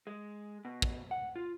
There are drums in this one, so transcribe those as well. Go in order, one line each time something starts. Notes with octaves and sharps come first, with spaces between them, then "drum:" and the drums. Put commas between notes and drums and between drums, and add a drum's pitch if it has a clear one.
G#3
B2
drum: kick
F#5
F4